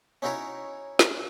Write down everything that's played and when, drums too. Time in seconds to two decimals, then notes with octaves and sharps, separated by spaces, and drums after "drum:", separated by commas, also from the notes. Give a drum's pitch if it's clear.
0.22 C#4 D#4 E4 F#4 A#4 C#5
0.99 drum: snare